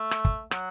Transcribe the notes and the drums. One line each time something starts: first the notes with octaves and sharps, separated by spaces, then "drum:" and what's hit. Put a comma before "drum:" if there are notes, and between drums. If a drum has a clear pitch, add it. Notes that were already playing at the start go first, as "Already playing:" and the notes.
Already playing: A3
drum: rim click
drum: kick
F#3, drum: rim click